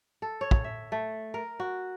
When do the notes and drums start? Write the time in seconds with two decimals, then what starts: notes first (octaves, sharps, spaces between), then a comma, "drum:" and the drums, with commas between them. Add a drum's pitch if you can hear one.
0.22 A4
0.41 C#5
0.51 drum: kick
0.64 E5
0.92 A3
1.34 A#4
1.60 F#4